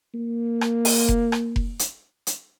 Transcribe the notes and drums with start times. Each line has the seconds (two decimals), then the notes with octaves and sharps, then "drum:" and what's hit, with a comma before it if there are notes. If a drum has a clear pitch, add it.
0.15 A#3
0.61 drum: rim click
0.85 drum: open hi-hat
1.09 drum: kick F1
1.32 drum: rim click
1.56 drum: kick F1
1.79 drum: hi-hat
2.27 drum: hi-hat